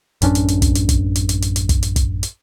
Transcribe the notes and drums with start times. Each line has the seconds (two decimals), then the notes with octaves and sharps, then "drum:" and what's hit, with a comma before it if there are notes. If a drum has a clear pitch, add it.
0.22 A1 F#2 C#4 D4, drum: hi-hat
0.35 drum: hi-hat
0.48 drum: hi-hat
0.62 drum: kick, hi-hat
0.75 drum: hi-hat
0.89 drum: kick, hi-hat
1.15 drum: hi-hat
1.29 drum: hi-hat
1.42 drum: hi-hat
1.56 drum: hi-hat
1.69 drum: kick, hi-hat
1.83 drum: hi-hat
1.96 drum: kick, hi-hat
2.23 drum: hi-hat